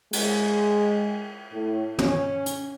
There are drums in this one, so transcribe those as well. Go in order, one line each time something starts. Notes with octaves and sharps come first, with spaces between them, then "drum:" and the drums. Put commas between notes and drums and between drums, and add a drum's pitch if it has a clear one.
G#3, drum: cymbal
A2
C#4, drum: tom
drum: hi-hat